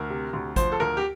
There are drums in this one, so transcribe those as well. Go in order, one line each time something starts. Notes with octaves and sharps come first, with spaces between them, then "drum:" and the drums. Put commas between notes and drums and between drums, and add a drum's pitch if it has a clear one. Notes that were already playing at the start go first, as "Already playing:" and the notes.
Already playing: D2 A#4
C3
D2
F3 C5, drum: kick G#1, hi-hat
A4
D2 A#4
G4